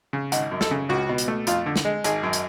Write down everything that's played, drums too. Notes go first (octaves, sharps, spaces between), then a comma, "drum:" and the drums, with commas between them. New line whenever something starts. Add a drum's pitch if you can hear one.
C#3
G#1 F#5, drum: hi-hat
F#2
A4, drum: snare
C#3
C#2 F#4
B2
drum: hi-hat
A3
F2 F4, drum: hi-hat
D3
drum: snare
G#3
G#1 G#4, drum: hi-hat
F#2
drum: hi-hat